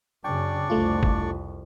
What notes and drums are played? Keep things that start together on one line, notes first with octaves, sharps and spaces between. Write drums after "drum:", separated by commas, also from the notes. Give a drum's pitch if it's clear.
F#2 C#3 D4 D5 G5 C#6
C2 F2 A3 F4
drum: kick